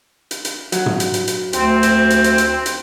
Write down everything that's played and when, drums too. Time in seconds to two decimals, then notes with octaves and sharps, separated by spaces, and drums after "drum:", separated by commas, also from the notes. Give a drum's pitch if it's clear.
0.31 drum: hi-hat
0.45 drum: hi-hat
0.72 F#3, drum: hi-hat
0.86 drum: tom
1.00 drum: hi-hat
1.14 drum: hi-hat
1.28 drum: hi-hat
1.53 D2 C4, drum: hi-hat
1.83 drum: hi-hat
2.10 drum: hi-hat
2.24 drum: hi-hat
2.38 drum: hi-hat
2.66 drum: hi-hat